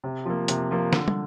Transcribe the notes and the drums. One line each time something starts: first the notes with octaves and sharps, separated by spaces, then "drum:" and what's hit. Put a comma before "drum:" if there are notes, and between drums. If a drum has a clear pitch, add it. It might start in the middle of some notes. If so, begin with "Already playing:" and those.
C3
F3 A#3
C3, drum: hi-hat
F3 A#3
D3, drum: snare
drum: tom